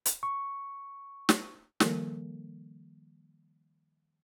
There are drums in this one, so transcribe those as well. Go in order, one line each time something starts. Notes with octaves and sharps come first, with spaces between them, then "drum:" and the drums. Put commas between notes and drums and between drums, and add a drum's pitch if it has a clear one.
drum: hi-hat
C#6
drum: snare
D#3 F3 G3 A#3 A4 A#4, drum: snare